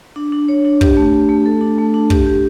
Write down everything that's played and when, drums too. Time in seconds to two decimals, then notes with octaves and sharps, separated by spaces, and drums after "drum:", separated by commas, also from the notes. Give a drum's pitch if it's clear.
0.16 D4
0.32 D4
0.48 C#5
0.65 D4
0.81 G4, drum: kick
0.97 A3
1.13 A3
1.29 A3
1.46 A4
1.61 D4
1.78 A3
1.94 D4
2.10 G4, drum: kick
2.27 G4